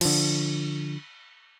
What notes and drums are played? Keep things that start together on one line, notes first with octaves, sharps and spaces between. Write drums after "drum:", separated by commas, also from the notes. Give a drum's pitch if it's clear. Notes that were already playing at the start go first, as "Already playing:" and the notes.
D3 F3, drum: cymbal